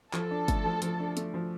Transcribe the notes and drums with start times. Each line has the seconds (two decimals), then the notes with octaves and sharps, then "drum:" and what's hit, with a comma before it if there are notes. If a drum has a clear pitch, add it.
0.13 F3 A4, drum: clap
0.31 D4
0.48 A3, drum: kick, hi-hat
0.65 F3
0.82 F3, drum: hi-hat
1.00 D4
1.17 A3, drum: hi-hat
1.34 F3